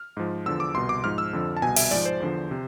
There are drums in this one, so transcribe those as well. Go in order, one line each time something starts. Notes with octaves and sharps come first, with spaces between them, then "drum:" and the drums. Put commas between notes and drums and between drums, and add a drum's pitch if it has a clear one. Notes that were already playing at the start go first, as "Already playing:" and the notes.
Already playing: F6
G#2 F3
E2 D3 F3 E6
D6
C2 B2 C6
D6
G#2 F3 F6
E6
F2 D3 F3
A5
C2 B2 G#5
E5, drum: open hi-hat
G#2 F3 D5
C5
E2 D3 F3
C3